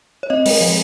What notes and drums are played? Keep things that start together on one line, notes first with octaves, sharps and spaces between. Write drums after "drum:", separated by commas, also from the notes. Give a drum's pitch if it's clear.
C#5
C4 D#5
G#3 A#4, drum: open hi-hat
F3